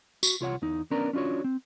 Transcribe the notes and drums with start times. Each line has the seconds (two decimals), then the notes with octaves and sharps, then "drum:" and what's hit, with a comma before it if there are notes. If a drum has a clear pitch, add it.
0.23 F#4, drum: tambourine
0.41 C2 F4 C#5 F#5
0.62 E2 D#4
0.91 B3 C#4 D4 A#4 D5 A#5
1.13 C#4 D4 F4 F#4 C#5
1.44 C4